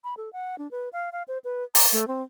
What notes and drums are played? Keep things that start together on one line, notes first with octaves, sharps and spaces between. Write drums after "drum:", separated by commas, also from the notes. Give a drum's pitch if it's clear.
B5
A4
F#5
D4
B4
F5
F5
C5
B4
A#5, drum: open hi-hat
A3
C4